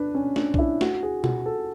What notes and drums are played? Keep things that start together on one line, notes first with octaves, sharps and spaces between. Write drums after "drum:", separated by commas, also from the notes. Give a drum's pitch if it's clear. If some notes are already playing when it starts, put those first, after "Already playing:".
Already playing: D4 B4
C#4
D4, drum: snare
D4, drum: kick B1
E4
F#4, drum: snare
G#4
F#4, drum: tom B2
A4